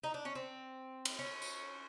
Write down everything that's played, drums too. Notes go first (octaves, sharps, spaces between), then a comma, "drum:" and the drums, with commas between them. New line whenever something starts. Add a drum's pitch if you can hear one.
D#4
D4
C#4
C4
drum: cymbal
C#4
drum: tambourine